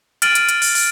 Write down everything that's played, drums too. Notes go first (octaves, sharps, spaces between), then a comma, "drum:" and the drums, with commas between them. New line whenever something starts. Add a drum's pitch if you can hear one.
F6 A6 D7 D#7 F#7, drum: hi-hat
drum: hi-hat
drum: hi-hat
drum: open hi-hat
drum: open hi-hat